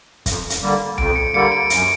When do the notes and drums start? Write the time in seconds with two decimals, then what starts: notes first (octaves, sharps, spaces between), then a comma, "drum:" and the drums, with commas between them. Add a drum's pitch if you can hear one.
0.26 F2, drum: kick, hi-hat
0.50 drum: hi-hat
0.62 D3 G3 A#3
0.98 F2 D7, drum: tom C2
1.16 C#7
1.34 D3 G3 A#3 C#7
1.52 D7
1.70 F#2 D7, drum: hi-hat